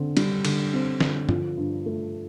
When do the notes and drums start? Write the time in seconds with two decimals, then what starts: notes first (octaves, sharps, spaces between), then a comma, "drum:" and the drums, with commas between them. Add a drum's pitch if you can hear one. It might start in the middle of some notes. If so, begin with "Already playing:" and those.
Already playing: D3 C4
0.17 G3, drum: cymbal
0.45 D3, drum: cymbal
0.73 C4
1.01 D3, drum: snare
1.29 F3, drum: tom G2
1.57 G2
1.86 A3